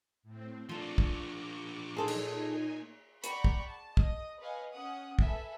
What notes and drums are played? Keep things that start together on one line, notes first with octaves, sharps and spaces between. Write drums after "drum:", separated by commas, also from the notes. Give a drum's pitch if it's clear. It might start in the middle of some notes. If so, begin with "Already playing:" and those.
A2 C4
F3 D4 F4 A4 C#6 D6
drum: kick
A#2 D#4 F4 G#4 A4 C5 G#5
drum: cymbal
D5 F#5 G5 A#5 B5 C#6, drum: hi-hat
drum: kick
A5
D#5 D#6, drum: kick
B4 C#5 D#5 F5 G#5
C#4 F#5 D#6
A4 B4 E5 G#5, drum: kick